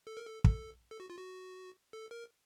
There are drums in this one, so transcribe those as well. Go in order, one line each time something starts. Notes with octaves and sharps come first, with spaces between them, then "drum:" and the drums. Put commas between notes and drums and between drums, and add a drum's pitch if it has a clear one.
A4
A#4
A4
A4, drum: kick
A4
F#4
F4
F#4
A4
A#4